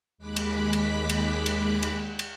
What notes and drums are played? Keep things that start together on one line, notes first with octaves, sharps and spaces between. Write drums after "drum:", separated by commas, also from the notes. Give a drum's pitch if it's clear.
D#2 G#3 B5 D6 F#6 B6
drum: cymbal
drum: cymbal
drum: cymbal
drum: cymbal
drum: cymbal
drum: cymbal